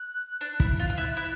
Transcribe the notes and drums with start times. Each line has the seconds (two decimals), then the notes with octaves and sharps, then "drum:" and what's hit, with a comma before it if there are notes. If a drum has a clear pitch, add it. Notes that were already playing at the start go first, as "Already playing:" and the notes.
Already playing: F#6
0.41 D4 F#6
0.60 E4, drum: kick
0.79 F4
0.90 F4
0.98 E4
1.17 E4